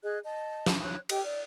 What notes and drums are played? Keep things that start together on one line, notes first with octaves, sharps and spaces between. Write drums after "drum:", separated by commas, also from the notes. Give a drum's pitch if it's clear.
G#4 D#5 F#6
D#5 A5
drum: snare
C#5 F#6
G4 D#5 G5, drum: cymbal
D5